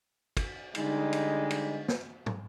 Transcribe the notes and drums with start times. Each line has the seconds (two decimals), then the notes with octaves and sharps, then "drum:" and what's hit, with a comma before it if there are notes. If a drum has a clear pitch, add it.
0.37 drum: kick, cymbal
0.75 D3 G3 G#3 D#4, drum: cymbal
1.13 drum: cymbal
1.50 drum: cymbal
1.88 drum: snare
2.26 drum: tom